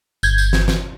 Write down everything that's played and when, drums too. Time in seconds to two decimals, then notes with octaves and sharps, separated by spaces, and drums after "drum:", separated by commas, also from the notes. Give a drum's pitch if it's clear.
0.23 G1 G6 G#6, drum: tambourine
0.38 drum: tambourine
0.53 drum: snare
0.68 drum: snare